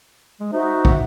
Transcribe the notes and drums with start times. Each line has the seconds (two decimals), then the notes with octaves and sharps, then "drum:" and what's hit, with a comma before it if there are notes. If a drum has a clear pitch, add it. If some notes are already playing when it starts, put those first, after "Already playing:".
0.40 G#3
0.52 D#4 F#4 C5 E5
0.85 drum: kick